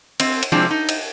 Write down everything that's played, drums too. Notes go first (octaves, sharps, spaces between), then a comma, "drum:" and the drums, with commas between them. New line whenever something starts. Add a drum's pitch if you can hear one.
C4, drum: cymbal
drum: cymbal
C3 F3 G#3 C4 D4 E4
D#4
drum: cymbal